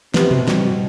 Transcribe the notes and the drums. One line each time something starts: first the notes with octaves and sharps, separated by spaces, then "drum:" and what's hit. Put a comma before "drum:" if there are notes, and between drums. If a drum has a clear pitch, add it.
C3 B3, drum: snare
B2, drum: tom B2
C3 G3, drum: snare
B2